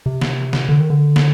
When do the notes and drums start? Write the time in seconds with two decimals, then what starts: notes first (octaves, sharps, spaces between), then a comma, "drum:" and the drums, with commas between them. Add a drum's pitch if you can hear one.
0.06 C3
0.21 drum: snare
0.53 drum: snare
0.69 D3
0.80 D#3
0.90 D3
1.16 drum: snare